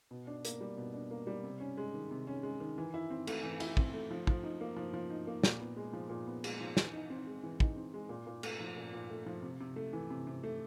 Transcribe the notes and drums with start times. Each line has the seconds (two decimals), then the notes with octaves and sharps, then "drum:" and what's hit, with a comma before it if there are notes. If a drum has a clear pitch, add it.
0.11 B2
0.27 D4
0.45 A#3, drum: hi-hat
0.61 G3
0.77 B2
0.94 D4
1.11 A#3
1.27 G3
1.44 C3
1.60 C#4
1.77 G#3
1.94 D#3
2.11 C3
2.27 C#4
2.43 G#3
2.60 D#3
2.78 E3
2.94 E4
3.10 C4
3.27 A3, drum: cymbal
3.43 E3
3.60 E4, drum: cymbal
3.77 C4, drum: kick
3.94 A3
4.11 F3
4.27 F3, drum: kick
4.43 D#4
4.61 A#3
4.76 F3
4.94 F3
5.10 D#4
5.27 A#3
5.44 A#2, drum: snare
5.60 B3
5.77 G#3
5.93 F3
6.10 A#2
6.27 B3
6.44 G#3, drum: cymbal
6.61 F3
6.77 E3, drum: snare
6.93 D#4
7.10 C4
7.27 G#3
7.43 E3
7.60 D#4, drum: kick
7.76 C4
7.94 G#3
8.09 A#2
8.27 A#2
8.43 A3, drum: cymbal
8.60 F3
8.77 A#2
8.93 A#2
9.10 A3
9.26 F3
9.42 C3
9.60 C3
9.76 A3
9.93 E3
10.10 C3
10.27 C3
10.43 A3